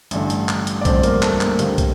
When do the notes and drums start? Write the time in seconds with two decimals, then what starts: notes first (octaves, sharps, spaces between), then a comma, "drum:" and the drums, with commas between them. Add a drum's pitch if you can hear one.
0.11 A1 G2 D3, drum: hi-hat
0.30 drum: hi-hat
0.48 drum: clap
0.67 drum: hi-hat
0.81 D5
0.85 A1 G2 D3 C4 C5, drum: kick, hi-hat
1.03 A#3 A#4, drum: hi-hat
1.22 A3 A4, drum: clap
1.41 A#3 A#4, drum: clap
1.59 D#2 D3 G3 A#3 C4 C5, drum: hi-hat
1.78 drum: kick, hi-hat